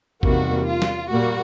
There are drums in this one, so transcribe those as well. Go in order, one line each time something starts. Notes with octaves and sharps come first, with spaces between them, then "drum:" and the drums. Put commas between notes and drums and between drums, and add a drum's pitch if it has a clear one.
E2 C3 D#3 G3 A#3 F#4, drum: kick A1
F4
drum: snare
A#2 G3 A#3 F#4